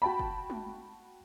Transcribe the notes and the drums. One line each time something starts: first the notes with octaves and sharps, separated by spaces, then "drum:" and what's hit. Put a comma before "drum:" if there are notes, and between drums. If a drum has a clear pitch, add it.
F#4 G5 A5 B5
drum: kick
drum: tom G#3